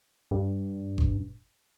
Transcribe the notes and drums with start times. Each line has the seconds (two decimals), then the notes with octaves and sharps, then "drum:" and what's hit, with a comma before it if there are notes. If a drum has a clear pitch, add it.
0.31 G2
0.98 drum: kick G1